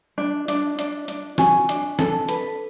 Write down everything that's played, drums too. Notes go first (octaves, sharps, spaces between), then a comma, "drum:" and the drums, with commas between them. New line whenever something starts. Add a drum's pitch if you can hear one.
D4
D4, drum: hi-hat
D4, drum: hi-hat
D4, drum: hi-hat
F#4 G#5, drum: snare
D4, drum: hi-hat
A4, drum: snare
B4, drum: hi-hat